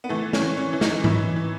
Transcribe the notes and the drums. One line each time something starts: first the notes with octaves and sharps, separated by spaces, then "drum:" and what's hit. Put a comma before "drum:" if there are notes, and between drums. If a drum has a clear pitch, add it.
B3
E3 A3
C#4, drum: snare
E3
C#4
E3
D#4, drum: snare
E3 E4, drum: tom G#2
E3